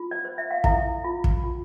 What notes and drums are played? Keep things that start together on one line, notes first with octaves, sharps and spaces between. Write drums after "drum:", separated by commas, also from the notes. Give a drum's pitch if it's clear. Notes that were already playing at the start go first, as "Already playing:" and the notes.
Already playing: F4
D5
C5
E5
F5
E4 A4 E5, drum: kick
F4
drum: kick
F4